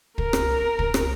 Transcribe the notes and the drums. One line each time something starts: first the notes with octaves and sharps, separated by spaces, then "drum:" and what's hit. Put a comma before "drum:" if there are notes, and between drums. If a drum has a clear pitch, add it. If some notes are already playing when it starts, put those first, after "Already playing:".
A#4, drum: kick
drum: rim click
drum: kick
drum: rim click